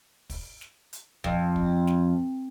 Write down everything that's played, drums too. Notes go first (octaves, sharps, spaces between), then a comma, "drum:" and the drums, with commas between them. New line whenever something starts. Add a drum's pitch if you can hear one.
drum: kick, open hi-hat
drum: snare
drum: hi-hat
F2, drum: kick
drum: kick
drum: snare